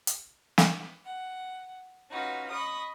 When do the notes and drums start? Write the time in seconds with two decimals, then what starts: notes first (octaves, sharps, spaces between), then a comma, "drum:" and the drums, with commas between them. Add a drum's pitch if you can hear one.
0.07 drum: hi-hat
0.58 drum: snare
1.05 F#5
2.11 C#4 D#4 F4 F#4 B4
2.51 D#5 B5 C#6 D#6